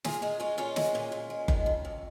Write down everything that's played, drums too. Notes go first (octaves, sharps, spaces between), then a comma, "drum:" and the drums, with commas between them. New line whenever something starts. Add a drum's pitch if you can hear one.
A#2 F4 G#4, drum: snare
G#3 F4 G#4
G#3 C#4 F4
A#2 C#4 F4
G#3, drum: snare
A#2
A#2
G#3
D#3, drum: kick F#1
F2
F2